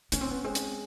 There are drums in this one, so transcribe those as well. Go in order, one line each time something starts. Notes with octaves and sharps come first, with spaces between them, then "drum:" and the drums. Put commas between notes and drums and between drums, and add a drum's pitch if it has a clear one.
B3 C#4, drum: hi-hat
C4
B3
G#3 C4
drum: hi-hat